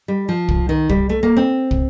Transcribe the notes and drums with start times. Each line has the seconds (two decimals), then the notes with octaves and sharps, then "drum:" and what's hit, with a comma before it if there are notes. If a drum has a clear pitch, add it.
0.08 G3
0.29 F3
0.48 drum: kick
0.69 D#3
0.89 G3, drum: kick
1.09 A3
1.23 A#3
1.37 C4
1.71 drum: kick